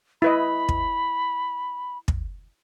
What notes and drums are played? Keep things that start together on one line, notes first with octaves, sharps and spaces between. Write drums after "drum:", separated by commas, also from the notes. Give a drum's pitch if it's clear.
E4 B4 D#5 B5
drum: kick
drum: kick